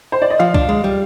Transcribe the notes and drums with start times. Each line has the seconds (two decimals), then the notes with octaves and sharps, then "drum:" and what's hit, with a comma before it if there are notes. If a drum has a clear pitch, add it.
0.12 C5
0.22 D5
0.30 D#5
0.39 F3 F5
0.54 D4, drum: kick C2
0.69 G#3
0.84 G3